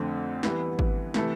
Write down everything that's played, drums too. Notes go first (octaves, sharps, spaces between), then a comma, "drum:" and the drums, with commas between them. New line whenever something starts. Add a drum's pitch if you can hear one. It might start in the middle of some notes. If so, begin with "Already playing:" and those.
Already playing: F2 D3 A3 C4
E3 G3 B3 E4 B4, drum: snare
drum: kick G#1
C3 E3 A3 E4 A4, drum: snare